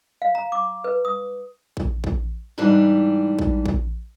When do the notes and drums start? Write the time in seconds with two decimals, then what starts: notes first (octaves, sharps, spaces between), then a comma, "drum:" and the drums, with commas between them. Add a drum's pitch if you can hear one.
0.22 F5
0.35 A#5
0.52 D6
0.84 B4
1.05 D#6
1.77 drum: kick
2.04 drum: kick
2.58 G#2 E3 G3 D4
3.39 drum: kick
3.66 drum: kick